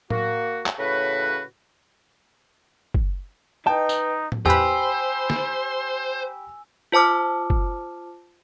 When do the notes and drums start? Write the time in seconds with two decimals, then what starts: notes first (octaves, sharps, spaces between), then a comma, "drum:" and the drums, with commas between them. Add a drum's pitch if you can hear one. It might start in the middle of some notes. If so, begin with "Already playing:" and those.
0.10 A#3 F#4, drum: tom A2
0.66 drum: clap
0.78 A2 C#3 F#4 B4
2.94 drum: kick F#1
3.67 D#4 B4 D#5 G5 A5
3.89 drum: tambourine
4.32 drum: tom A2
4.46 E2 G4 B4 C5 G#5 B5 E6
5.30 drum: snare
6.92 F4 C5 A5 D6 F6
7.50 drum: kick F#1